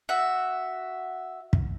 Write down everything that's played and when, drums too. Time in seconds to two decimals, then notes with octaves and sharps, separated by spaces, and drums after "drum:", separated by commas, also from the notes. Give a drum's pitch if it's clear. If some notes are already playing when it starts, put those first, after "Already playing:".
0.09 F#4 E5
1.53 drum: kick